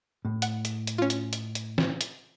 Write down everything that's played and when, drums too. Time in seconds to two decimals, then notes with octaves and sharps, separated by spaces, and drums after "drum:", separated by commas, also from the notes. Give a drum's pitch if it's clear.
0.25 A2
0.42 F#5, drum: hi-hat
0.65 drum: hi-hat
0.87 drum: hi-hat
0.98 C#4 F4
1.10 drum: hi-hat
1.33 drum: hi-hat
1.55 drum: hi-hat
1.78 drum: snare
2.01 drum: hi-hat